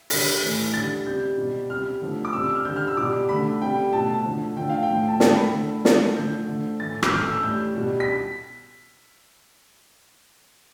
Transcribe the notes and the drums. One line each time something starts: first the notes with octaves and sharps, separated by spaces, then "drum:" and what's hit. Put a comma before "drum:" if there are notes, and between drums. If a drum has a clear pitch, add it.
D3 G3 B6, drum: open hi-hat
A2 E3 A3
D3 G3 A6
C3 G3 G6
B2 G3
C3 G3 F6
D3 F3 A3
D6
C3 G3 E6
E6
F6
D3 G3 G6
F6
E6
B2 G3 D6
D3 A3 B5
C3 G3 G5
B2 A3 A5
D3 F3 A3
D3 F3 A3 G5
F5
G5
A2 F3 A3
A5
D3 A3 G5, drum: snare
B5
D3 A3
D3 F3 A3, drum: snare
D3 F3 A3 G6
D3 A3
A2 E3 A3 A6
G6, drum: rim click
A2 E3 A3 F6
E6
E6
A2 G3 G6
B2 G3
B6